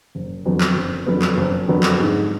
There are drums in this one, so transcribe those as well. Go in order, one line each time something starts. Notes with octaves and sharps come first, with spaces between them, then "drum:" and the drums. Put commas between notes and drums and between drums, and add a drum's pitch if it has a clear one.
F#1
F2 D3 F#3 B3
drum: clap
F#1
F2 D3 F#3 B3
drum: clap
F#1
F2 D3 F#3 B3
drum: clap
G#2